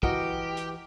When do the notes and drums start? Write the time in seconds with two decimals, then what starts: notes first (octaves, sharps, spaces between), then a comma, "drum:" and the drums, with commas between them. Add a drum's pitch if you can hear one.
0.03 E3 F#4 G4 A#4 D#5, drum: kick
0.57 drum: hi-hat